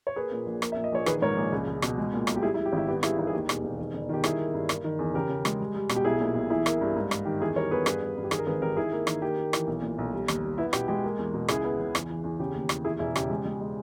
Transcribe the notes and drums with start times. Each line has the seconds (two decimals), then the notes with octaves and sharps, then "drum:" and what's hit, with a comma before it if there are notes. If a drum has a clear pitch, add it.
0.07 C#5
0.16 A#3 G#4 B4
0.32 A#2
0.46 A#1
0.62 A#3, drum: rim click
0.72 A#2 E5
0.84 D#5
0.92 A#1 C#5
1.06 D#3 G#4 B4, drum: rim click
1.22 G#2 A#4 C#5
1.37 A#1
1.52 C#2
1.67 C#2
1.82 B2, drum: rim click
1.98 G#3
2.13 A#2
2.27 B1, drum: rim click
2.36 G4
2.42 G3 E4 G#4
2.54 E4
2.58 G3
2.66 G4
2.72 G#1 E4
2.87 B3 G4
3.03 G3 E4 G#4, drum: rim click
3.18 D#3 E4
3.27 G#4
3.33 D#2 G4
3.49 E1, drum: rim click
3.63 E1
3.79 D#3
3.93 G1
4.09 D#3 G4
4.24 G3 E4 G#4, drum: rim click
4.38 A#3
4.54 G2
4.69 A#3, drum: rim click
4.84 D#3
4.99 E2
5.14 C#3 G4 A#4
5.29 C#3
5.45 G#3, drum: rim click
5.59 G3
5.74 G3
5.89 B2, drum: rim click
5.96 G4
6.05 B1 E4 G#4
6.21 A#2
6.35 B1
6.50 E3 E4 G#4
6.66 A#3, drum: rim click
6.81 G2
6.96 G#2
7.11 G#2, drum: rim click
7.25 D#3 G4
7.41 E2 E4 G#4
7.56 G3 A#4 C#5
7.71 B3 G#4 B4
7.86 G2 G#4 B4, drum: rim click
8.02 G2
8.17 G2
8.24 G4
8.31 D#3 G#4, drum: rim click
8.39 A#4
8.47 G#1 G#4 B4
8.62 G#1 G4 A#4
8.77 D#3 E4 G#4
8.92 A#3
9.07 D#3, drum: rim click
9.22 A#3 G4
9.38 A#3
9.53 E3, drum: rim click
9.67 B1
9.82 A#2
9.98 B1
10.13 G3
10.28 D#2, drum: rim click
10.43 G3
10.58 B3 E4
10.73 B2 G4, drum: rim click
10.88 G#3 G4
11.04 A#3
11.18 E2
11.34 B2
11.48 C#2 E4 G#4, drum: rim click
11.64 B3
11.79 C#3
11.95 E2, drum: rim click
12.10 E3
12.24 E2
12.40 C#3 G4
12.54 D#2
12.69 E3, drum: rim click
12.85 E2 E4 G#4
12.99 E1 E4
13.16 C#3 G4, drum: rim click
13.30 G#3
13.45 G#3
13.60 G#3